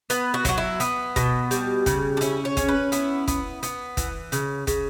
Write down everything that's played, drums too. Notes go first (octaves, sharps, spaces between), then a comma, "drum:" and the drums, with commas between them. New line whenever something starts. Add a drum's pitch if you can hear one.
B3 B4, drum: hi-hat
F#4
F#3 F#4, drum: kick, hi-hat
E4
B3, drum: hi-hat
B2, drum: kick, hi-hat
G3, drum: hi-hat
C#3, drum: kick, hi-hat
D4
C#4 E4, drum: hi-hat
C#5
C#4, drum: kick, hi-hat
B4
B3 E4, drum: hi-hat
B3, drum: kick, hi-hat
B3, drum: hi-hat
E3, drum: kick, hi-hat
C#3, drum: hi-hat
C#3, drum: kick, hi-hat